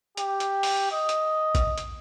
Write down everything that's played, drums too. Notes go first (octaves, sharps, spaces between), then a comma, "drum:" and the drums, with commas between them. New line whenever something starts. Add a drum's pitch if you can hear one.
G4, drum: hi-hat
drum: hi-hat
drum: open hi-hat
D#5
drum: hi-hat
drum: kick, hi-hat
drum: hi-hat